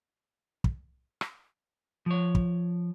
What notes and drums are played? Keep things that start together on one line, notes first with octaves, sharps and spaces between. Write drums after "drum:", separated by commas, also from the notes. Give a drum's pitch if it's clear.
drum: kick
drum: rim click
F3 C#5
drum: kick